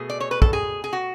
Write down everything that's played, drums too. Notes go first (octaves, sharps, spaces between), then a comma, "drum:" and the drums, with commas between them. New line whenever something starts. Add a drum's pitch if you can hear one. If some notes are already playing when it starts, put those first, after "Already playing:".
Already playing: B2 A3 G#4
D5
C#5
B4
A4, drum: kick
G#4
G#4
F#4